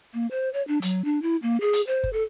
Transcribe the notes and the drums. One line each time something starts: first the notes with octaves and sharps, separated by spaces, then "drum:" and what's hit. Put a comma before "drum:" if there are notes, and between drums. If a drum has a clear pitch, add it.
A#3
C5
C#5
D4
F#3, drum: hi-hat
D4
E4
A#3
G#4
drum: hi-hat
C5
drum: kick F#1
A4